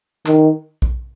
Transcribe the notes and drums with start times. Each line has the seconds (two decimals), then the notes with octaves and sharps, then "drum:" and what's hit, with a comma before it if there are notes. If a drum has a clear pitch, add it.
0.26 D#3, drum: clap
0.82 drum: kick A#1